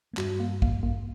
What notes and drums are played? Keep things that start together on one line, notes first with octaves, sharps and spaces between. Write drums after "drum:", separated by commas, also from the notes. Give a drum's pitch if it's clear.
A#3
G2 G3 F#4, drum: clap
A#3
A#3, drum: kick
A#3